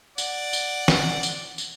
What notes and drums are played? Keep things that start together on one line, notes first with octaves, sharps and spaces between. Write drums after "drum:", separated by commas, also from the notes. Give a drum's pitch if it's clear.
D5 F#5, drum: tambourine
drum: tambourine
drum: snare
drum: tambourine
drum: tambourine